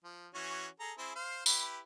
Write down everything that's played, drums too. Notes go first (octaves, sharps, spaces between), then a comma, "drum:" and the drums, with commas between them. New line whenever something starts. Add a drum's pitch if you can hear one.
F3
E3 C#4 F#4
G#4 A4 A#5
C4 E4 G#4
C5 F5
E4 G4 B4, drum: tambourine